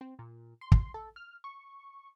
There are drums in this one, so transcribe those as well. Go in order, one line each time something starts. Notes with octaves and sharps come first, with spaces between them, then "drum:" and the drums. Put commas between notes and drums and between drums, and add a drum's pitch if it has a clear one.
C4
A#2
C6
drum: kick
A4
F6
C#6